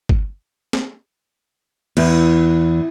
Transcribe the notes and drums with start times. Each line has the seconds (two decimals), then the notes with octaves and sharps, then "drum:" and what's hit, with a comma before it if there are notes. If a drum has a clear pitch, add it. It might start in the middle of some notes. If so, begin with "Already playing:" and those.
0.09 drum: kick G1
0.73 drum: snare
1.97 E2, drum: cymbal